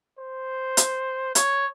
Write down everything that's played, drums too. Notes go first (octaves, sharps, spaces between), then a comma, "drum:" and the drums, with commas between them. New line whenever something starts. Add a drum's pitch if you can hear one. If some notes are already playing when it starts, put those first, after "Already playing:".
C5
drum: hi-hat
C#5, drum: hi-hat